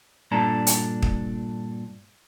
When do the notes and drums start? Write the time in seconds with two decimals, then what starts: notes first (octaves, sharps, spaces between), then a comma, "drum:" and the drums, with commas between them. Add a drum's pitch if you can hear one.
0.31 G2 A#2 D4 A4 A#5
0.67 drum: hi-hat
1.03 drum: kick